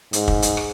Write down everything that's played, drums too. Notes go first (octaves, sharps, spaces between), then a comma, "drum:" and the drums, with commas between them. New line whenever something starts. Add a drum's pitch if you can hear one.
G#2, drum: hi-hat
drum: kick
drum: hi-hat
drum: rim click